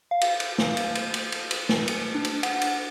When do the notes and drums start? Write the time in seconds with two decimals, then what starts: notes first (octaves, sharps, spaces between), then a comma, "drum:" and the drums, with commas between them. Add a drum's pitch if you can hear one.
0.11 F5
0.21 drum: cymbal
0.40 drum: cymbal
0.58 drum: snare
0.77 drum: cymbal
0.95 drum: cymbal
1.14 drum: cymbal
1.32 drum: cymbal
1.51 drum: cymbal
1.69 drum: snare
1.88 drum: cymbal
2.15 D4
2.25 drum: cymbal
2.43 F#5, drum: cymbal
2.61 drum: cymbal